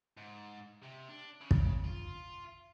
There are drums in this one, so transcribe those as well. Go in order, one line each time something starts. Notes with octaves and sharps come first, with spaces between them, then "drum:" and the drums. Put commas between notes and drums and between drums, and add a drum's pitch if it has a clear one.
G#2
C3
D4
C#3
drum: kick
F4